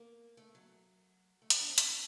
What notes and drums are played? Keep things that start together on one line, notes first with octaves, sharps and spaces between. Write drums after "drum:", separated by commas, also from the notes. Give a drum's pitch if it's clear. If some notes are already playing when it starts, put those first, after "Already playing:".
Already playing: A#3
A3
F#3
A3
C4, drum: hi-hat
D4
C4
D4, drum: hi-hat
F#4